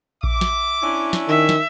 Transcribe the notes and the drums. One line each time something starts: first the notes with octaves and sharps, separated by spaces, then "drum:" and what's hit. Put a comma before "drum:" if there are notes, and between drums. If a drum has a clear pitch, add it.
E5 D6, drum: kick A#1
drum: snare
C#4 D4 E4
drum: snare
D#3 E5
drum: snare